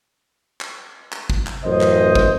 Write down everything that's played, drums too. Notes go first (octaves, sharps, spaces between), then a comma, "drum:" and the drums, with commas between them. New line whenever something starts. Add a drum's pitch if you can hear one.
drum: clap
drum: clap
drum: kick
drum: clap
A1 F#2 C5 D#5
drum: clap
drum: kick